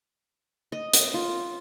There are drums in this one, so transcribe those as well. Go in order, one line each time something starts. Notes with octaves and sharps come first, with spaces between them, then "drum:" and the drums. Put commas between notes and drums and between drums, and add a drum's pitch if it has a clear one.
D#5
drum: hi-hat
F4